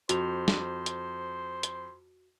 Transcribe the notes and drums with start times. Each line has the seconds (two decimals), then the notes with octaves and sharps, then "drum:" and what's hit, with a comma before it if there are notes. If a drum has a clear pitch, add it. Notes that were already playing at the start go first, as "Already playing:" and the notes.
0.09 F2 F#4 C5 F7, drum: hi-hat
0.48 drum: snare
0.86 drum: hi-hat
1.63 drum: hi-hat